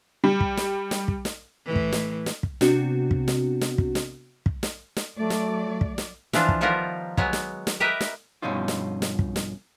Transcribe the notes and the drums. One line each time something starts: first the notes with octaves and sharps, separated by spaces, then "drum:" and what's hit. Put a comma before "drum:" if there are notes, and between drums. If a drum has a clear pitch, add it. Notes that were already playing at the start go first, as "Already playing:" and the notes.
G3
drum: kick
drum: snare
drum: snare
drum: kick
drum: snare
A2 E3
drum: kick
drum: snare
drum: snare
drum: kick
C3 B3 C4 D4 F#4, drum: snare
drum: kick
drum: snare
drum: snare
drum: kick
drum: snare
drum: kick
drum: snare
drum: snare
F#3 A3 D5
drum: snare
drum: kick
drum: snare
E3 F3 D4 F4, drum: snare
drum: kick
D#3 F3 G3 B3 F4 A#4
F#3 G#3 B3, drum: kick
drum: snare
drum: snare
G4 A#4 B4 D#5 E5
drum: snare
G2 B2 F3 C#4 D#4 F4
drum: snare
drum: snare
drum: kick
drum: snare